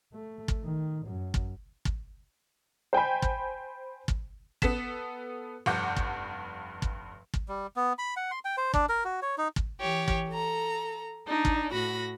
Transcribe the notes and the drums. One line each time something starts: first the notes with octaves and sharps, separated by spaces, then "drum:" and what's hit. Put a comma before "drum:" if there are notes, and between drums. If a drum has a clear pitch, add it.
A3
drum: kick
D#3
F#2
drum: kick
drum: kick
C5 G5 G#5 B5
drum: kick
drum: kick
B3 A4 B6 E7, drum: kick
F1 G2 F#5 D6 G6
drum: kick
drum: kick
drum: kick
G3
B3
B5
F#5
C6
G5
C5
D4, drum: kick
A#4
F#4
C#5
D#4
drum: kick
E3 G4 C#5
drum: kick
A4 A#5
D4 D#4
drum: kick
A2 F#4 B5 A#6